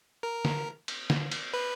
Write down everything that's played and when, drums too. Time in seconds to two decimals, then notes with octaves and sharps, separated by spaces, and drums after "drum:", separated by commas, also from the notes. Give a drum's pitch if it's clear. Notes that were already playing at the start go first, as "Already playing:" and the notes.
0.23 A#4
0.45 drum: snare
0.88 drum: cymbal
1.10 drum: snare
1.32 drum: cymbal
1.54 B4